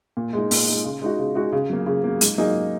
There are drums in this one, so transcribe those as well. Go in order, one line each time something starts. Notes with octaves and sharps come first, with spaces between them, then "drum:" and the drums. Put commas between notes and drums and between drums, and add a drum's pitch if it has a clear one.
A#2
G#3 D#4
A#2, drum: open hi-hat
G#3 D#4
C#3
G#3 D#4 F#4
C#3
G#3 D#4 F#4
C#3
F#3 A#3
C#3
F#3 A#3
G#2, drum: hi-hat
F#3 A#3 D#4 G#4